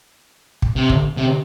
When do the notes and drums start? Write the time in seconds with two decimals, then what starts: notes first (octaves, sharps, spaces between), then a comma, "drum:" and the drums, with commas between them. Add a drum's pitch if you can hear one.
0.62 drum: kick
0.76 C3
0.90 drum: kick
1.17 C3